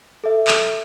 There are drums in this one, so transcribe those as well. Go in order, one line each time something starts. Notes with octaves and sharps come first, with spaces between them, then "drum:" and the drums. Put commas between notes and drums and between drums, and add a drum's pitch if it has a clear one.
A4 E5
drum: clap